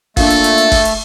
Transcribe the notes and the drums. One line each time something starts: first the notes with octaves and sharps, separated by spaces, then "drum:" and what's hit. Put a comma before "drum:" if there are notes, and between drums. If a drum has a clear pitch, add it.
A#2 A3 D4 A4 F5, drum: kick G1, open hi-hat
drum: hi-hat
drum: hi-hat
drum: hi-hat
drum: kick G1, open hi-hat
drum: hi-hat